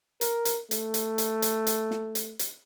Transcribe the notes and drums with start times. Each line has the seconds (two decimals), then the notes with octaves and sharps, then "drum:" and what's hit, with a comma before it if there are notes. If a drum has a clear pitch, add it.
0.21 A#4, drum: hi-hat
0.45 drum: hi-hat
0.71 A3, drum: hi-hat
0.94 drum: hi-hat
1.18 drum: hi-hat
1.42 drum: hi-hat
1.67 drum: hi-hat
1.91 drum: snare
2.15 drum: hi-hat
2.39 drum: hi-hat